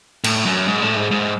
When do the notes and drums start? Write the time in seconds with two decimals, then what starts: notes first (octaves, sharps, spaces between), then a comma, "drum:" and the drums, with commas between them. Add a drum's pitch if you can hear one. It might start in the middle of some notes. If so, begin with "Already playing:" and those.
0.24 A2, drum: cymbal
0.46 F#2
0.68 G#2
0.82 A2
0.96 G#2
1.11 G#2